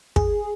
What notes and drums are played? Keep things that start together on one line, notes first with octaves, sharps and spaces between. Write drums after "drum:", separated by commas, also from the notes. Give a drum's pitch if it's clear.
G#4, drum: kick